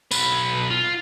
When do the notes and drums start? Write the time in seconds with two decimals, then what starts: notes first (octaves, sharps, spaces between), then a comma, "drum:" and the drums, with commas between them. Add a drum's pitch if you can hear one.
0.11 B1 B4, drum: tambourine
0.71 F4